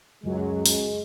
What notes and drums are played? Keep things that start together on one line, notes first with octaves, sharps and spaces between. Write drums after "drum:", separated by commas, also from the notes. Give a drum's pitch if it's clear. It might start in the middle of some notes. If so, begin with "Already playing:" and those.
C#2 F#2 F#3 G#3
G#3, drum: open hi-hat